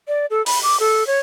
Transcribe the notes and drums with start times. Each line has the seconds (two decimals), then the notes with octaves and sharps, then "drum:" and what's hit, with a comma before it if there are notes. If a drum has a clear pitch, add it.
0.08 D5
0.30 A4
0.46 B5, drum: open hi-hat
0.63 D6
0.80 A4
1.07 C#5